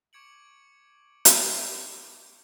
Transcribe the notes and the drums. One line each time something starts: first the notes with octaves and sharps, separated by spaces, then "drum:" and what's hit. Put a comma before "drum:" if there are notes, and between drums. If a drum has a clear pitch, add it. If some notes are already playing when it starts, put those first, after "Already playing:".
C#6 D6 G#6 C#7 D7 F#7
drum: hi-hat